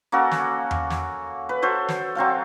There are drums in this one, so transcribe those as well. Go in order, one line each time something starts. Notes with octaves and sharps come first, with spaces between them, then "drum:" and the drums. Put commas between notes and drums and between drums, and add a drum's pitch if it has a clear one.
A#3 C#4 F#4 A4
drum: snare
drum: tom E2
drum: snare
B4
F#4 A4 C5 C#5
drum: snare
F#3 C4 A4 F5